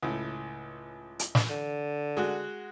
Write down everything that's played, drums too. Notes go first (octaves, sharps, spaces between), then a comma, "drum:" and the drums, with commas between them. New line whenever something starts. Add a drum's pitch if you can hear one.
C#2 A2
drum: hi-hat
drum: snare
D3
G#3 F#4